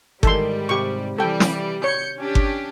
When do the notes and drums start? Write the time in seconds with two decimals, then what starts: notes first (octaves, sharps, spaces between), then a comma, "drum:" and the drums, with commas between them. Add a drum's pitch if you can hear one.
0.23 G#2 D#3 E3 G3 A4 E5 C6, drum: kick G1
0.69 C3 G4 C#6
1.18 E3 G3 A4 G5
1.40 drum: snare
1.84 C#5 G6 C#7
2.17 C#4 D4 G4
2.35 drum: kick G1